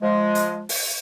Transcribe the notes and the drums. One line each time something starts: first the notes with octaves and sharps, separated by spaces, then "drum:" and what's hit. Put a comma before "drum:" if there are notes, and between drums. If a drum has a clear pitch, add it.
F3 G#3
drum: hi-hat
drum: open hi-hat